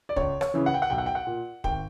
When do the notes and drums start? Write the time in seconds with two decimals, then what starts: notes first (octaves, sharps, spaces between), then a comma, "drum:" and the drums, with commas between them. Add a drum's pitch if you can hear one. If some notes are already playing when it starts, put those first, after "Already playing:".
0.09 D5
0.16 C#2 C#5, drum: kick
0.41 C#5, drum: rim click
0.54 C#3 E3
0.66 F#5
0.74 G5
0.82 F#5
0.90 B1 G5
0.98 F#5
1.06 G5
1.15 F#5
1.27 A#2
1.64 G#1 G5, drum: kick